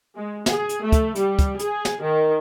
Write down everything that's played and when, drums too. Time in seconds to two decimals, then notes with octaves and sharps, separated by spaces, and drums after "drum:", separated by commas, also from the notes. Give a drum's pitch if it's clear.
0.14 G#3
0.46 G#4, drum: snare
0.69 drum: hi-hat
0.83 A3
0.92 drum: kick, hi-hat
1.15 G3, drum: hi-hat
1.39 drum: kick, hi-hat
1.59 G#4, drum: hi-hat
1.85 drum: snare
2.01 D#3